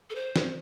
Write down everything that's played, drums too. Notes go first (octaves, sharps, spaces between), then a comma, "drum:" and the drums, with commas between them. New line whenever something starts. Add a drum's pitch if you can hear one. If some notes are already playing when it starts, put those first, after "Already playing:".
A4
C5
drum: snare